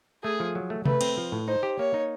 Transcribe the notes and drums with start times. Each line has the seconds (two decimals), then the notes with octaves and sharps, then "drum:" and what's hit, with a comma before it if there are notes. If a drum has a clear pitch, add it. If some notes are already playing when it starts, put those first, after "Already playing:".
0.24 A3 G#4
0.40 F3
0.55 F#3
0.70 A3
0.85 A3 B4, drum: tom C3
1.01 C4, drum: cymbal
1.17 F3
1.32 A2
1.48 D#4 C5
1.63 G4
1.79 A#3 C#5
1.94 D#4